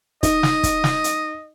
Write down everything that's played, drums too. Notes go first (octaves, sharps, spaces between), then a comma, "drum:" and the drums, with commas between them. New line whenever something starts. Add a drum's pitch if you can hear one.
D#4 D#5, drum: kick, hi-hat
drum: snare
drum: kick, hi-hat
drum: snare
drum: hi-hat